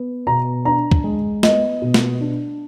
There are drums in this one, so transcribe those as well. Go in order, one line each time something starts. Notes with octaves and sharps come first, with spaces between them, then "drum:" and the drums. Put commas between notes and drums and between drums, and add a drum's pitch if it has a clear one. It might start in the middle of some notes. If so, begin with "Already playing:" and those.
Already playing: B3
B2 A#5
D4 A#5
drum: kick
G#3
B3 D#5, drum: snare
B2
drum: snare
D4